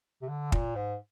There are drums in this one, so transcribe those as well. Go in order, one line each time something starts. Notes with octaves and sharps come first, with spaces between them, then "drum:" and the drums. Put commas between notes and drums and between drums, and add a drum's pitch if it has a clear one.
C3
D3
A#2, drum: kick
G#2